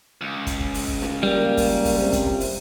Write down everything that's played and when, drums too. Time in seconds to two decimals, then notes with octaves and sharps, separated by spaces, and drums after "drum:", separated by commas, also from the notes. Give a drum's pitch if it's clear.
0.21 C#2
0.47 drum: kick, hi-hat
0.60 drum: kick
0.74 drum: open hi-hat
0.88 drum: kick
1.02 drum: snare
1.23 G3 A#3
1.57 drum: kick, open hi-hat
1.85 drum: kick, open hi-hat
1.99 C3
2.13 drum: kick, hi-hat
2.27 drum: kick
2.40 drum: open hi-hat